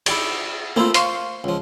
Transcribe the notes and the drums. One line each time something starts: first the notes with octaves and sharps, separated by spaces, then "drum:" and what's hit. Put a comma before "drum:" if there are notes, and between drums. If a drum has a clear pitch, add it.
E4 G4 D5, drum: cymbal
A3 A#3 C4 E4 F4
C5 F5 C6 C#6, drum: hi-hat
C#2 F3